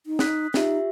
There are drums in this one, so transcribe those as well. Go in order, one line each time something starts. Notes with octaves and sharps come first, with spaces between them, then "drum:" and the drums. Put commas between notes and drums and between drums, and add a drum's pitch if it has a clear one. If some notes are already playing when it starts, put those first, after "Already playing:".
D#4
D#6 F#6 B6, drum: snare
D#4 F4 G4 E5, drum: snare